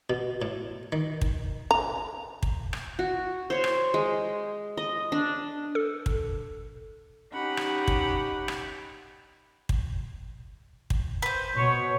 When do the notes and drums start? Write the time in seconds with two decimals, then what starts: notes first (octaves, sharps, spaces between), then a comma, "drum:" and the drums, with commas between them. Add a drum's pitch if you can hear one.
0.10 B2
0.42 A2
0.92 D#3
1.21 drum: kick
1.71 A#5
2.43 drum: kick
2.73 drum: rim click
2.99 F#4
3.50 C5 C#5 C6
3.64 drum: rim click
3.94 G#3
4.77 D#5
5.12 D4
5.75 A4
6.06 drum: kick
7.32 C#4 D#4 G4 F#5 B5
7.57 drum: rim click
7.88 drum: kick
8.48 drum: rim click
9.69 drum: kick
10.90 drum: kick
11.22 B4 C5
11.57 B2 C#5